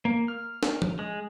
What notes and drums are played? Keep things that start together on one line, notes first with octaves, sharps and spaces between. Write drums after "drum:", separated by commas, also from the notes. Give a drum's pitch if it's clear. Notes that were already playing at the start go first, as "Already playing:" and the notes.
A#3
F6
drum: snare
drum: tom F3
G#3